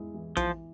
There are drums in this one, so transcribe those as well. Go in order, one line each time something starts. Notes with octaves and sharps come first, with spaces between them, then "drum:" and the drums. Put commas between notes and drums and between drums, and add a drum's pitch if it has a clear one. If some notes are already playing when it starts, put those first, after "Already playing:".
Already playing: E2 G#3 E4
E3
E3 F3, drum: kick A#1, hi-hat